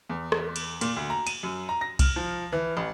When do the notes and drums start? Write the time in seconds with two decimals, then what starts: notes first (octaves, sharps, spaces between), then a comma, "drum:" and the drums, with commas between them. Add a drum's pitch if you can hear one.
0.09 E2
0.32 drum: rim click
0.56 drum: cymbal
0.81 A#2, drum: cymbal
0.96 D2
1.10 A#5
1.27 D#7, drum: cymbal
1.43 F#2
1.69 A#5
1.81 A#6
1.99 F6, drum: kick C2, cymbal
2.16 F3
2.52 E3
2.77 A1